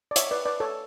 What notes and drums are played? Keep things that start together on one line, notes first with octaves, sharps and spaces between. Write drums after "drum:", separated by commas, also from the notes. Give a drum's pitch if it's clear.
D5
C#5 E5, drum: hi-hat
B4 D5
B4 D5
A4 C#5